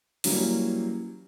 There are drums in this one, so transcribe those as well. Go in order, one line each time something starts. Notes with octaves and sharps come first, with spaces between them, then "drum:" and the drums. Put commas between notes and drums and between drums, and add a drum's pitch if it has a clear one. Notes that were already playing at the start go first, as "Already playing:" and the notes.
E3 F#3 G3 A#3 C#4, drum: open hi-hat